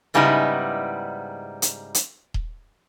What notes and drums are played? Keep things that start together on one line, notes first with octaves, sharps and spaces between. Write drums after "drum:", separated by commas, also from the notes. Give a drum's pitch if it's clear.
G#2 C#3 G3 B3 D#4 E4
drum: hi-hat
drum: hi-hat
drum: kick D#1